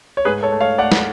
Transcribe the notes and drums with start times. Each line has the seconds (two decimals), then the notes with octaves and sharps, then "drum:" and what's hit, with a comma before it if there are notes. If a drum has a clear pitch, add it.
0.17 C#5
0.25 G#2 G#4 B4
0.43 A4 C#5
0.52 A3
0.61 C#5 F5
0.78 A3 D5 F#5
0.92 drum: snare